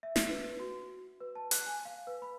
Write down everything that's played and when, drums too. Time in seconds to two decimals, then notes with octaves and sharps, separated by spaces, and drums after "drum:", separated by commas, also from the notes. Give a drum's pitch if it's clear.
0.03 E5
0.16 drum: snare
0.29 B4
0.60 F#4
1.21 B4
1.35 A5
1.51 F#6, drum: hi-hat
1.66 G#5
1.85 F5
2.07 B4
2.22 B5